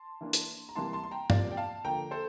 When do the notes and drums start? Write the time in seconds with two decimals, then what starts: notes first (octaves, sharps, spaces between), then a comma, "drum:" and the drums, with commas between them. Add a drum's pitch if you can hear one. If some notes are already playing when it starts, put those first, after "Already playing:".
Already playing: A5 C6
0.21 E3 A#3 D4
0.33 drum: hi-hat
0.69 A#5
0.75 C3 E3 G3 A#3 A5 C6
0.93 A5 C6
1.04 C6
1.11 G5 A#5
1.30 C3 F3 A#3 D5 F5, drum: tom
1.52 G5
1.57 F5 A5
1.85 D3 F3 A#3 G5 A#5
2.11 A4 C5